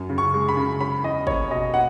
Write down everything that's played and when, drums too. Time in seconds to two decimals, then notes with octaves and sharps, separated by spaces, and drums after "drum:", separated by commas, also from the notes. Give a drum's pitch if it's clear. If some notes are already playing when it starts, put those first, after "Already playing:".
Already playing: F#2
0.09 C#3
0.18 C#6
0.34 G#3
0.49 B5
0.57 C#3
0.80 C#4 B5
1.04 E2 D#5
1.27 A#3 C#5, drum: kick
1.51 B2 D#5
1.74 A#3 F#5